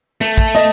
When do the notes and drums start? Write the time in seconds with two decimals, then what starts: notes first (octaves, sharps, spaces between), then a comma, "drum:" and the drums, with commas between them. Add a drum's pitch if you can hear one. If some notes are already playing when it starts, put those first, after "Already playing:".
0.21 A3, drum: snare
0.38 drum: kick, tambourine
0.55 D#5, drum: snare